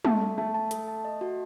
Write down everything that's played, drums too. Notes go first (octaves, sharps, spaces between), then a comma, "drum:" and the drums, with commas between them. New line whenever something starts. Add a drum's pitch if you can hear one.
A3 A5, drum: tom
A4
A3 A5
A5
A4, drum: hi-hat
A5
D#5
F#4